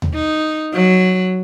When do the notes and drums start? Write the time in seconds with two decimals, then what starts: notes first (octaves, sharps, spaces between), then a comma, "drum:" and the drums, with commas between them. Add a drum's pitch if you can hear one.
0.02 drum: tom D#2
0.14 D#4
0.74 F#3